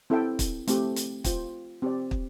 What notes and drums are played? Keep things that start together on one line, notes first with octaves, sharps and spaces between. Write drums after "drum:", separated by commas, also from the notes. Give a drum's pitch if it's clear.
C4 E4 A4 E5 G5
drum: kick, hi-hat
A3 C4 G4, drum: hi-hat
drum: hi-hat
F4 C5 G5, drum: kick, hi-hat
C4 G4 D5
drum: kick